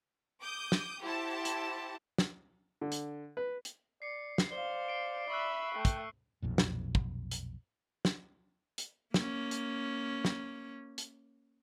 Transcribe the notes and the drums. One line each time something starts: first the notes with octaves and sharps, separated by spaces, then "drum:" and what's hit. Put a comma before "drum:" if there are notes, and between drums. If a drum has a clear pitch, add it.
D6 D#6 G6
drum: snare
E4 G4 C5 F#5 A5
drum: hi-hat
drum: snare
D3
drum: hi-hat
B4
drum: hi-hat
D5 C7 C#7
drum: snare
C5 D5 F5 G7
C7 D7
E5 B5 C#6 E6 F#6
A3 G5
drum: kick, hi-hat
B1 F2 A#2
drum: snare
drum: kick
drum: hi-hat
drum: snare
drum: hi-hat
A#3 C#4, drum: snare
drum: hi-hat
drum: snare
drum: hi-hat